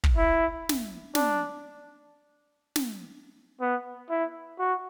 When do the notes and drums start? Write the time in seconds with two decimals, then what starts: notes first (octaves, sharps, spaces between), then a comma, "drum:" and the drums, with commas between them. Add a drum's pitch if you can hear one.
0.04 drum: kick
0.17 E4
0.69 drum: snare
1.15 D4, drum: snare
2.76 drum: snare
3.61 B3
4.10 E4
4.59 F#4